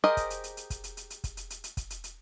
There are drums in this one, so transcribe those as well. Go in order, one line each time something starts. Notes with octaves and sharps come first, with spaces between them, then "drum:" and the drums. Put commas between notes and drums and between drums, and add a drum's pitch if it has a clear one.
G4 G#4 A#4 C5 D#5
drum: kick, hi-hat
drum: hi-hat
drum: hi-hat
drum: hi-hat
drum: kick, hi-hat
drum: hi-hat
drum: hi-hat
drum: hi-hat
drum: kick, hi-hat
drum: hi-hat
drum: hi-hat
drum: hi-hat
drum: kick, hi-hat
drum: hi-hat
drum: hi-hat